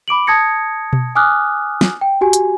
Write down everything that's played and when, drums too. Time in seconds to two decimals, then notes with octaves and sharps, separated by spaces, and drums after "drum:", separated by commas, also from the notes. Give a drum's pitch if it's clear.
0.08 B5 D6 D7 F#7
0.27 A5 D#6 G#6 A#6 C#7
0.93 drum: tom B2
1.15 G#5 D6 D#6 F6 F#6
1.81 drum: snare
2.01 G5
2.21 F#4 G4 G#5
2.33 drum: hi-hat